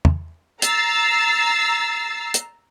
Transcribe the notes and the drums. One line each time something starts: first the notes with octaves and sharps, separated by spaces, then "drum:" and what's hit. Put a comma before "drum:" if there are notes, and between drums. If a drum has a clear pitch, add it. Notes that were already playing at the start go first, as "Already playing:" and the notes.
drum: tom
A#5 E6 A6 C7, drum: hi-hat
drum: hi-hat